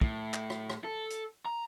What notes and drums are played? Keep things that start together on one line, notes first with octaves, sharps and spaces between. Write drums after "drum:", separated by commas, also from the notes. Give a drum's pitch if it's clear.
A2, drum: kick
drum: clap
drum: rim click
drum: rim click
A4
drum: hi-hat
A#5